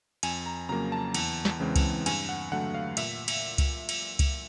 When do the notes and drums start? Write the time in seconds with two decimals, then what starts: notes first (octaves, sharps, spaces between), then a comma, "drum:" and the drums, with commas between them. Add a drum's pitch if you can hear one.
0.23 F2 G#5, drum: cymbal
0.46 A#5
0.69 C#3 F#3 A#3 A#5
0.92 A5
1.14 E2, drum: cymbal
1.45 drum: snare
1.60 C#3 E3 G#3 C4
1.76 drum: kick C#2, cymbal
2.06 G2 G#5, drum: cymbal
2.29 F#5
2.52 D3 F#3 A3 F#5
2.75 F5
2.97 A#2 E5, drum: cymbal
3.28 drum: cymbal
3.58 drum: kick C#2, cymbal
3.89 drum: cymbal
4.19 drum: kick C#2, cymbal